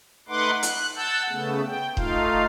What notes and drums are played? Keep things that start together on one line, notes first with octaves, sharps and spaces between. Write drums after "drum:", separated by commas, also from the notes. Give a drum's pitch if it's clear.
A3 D#4 B4 F#5 C6 D6
F#6, drum: hi-hat
F#5 A5 E6 G6
C#3 A3 B3
G5
A3 D#4 F4 F5, drum: kick D#1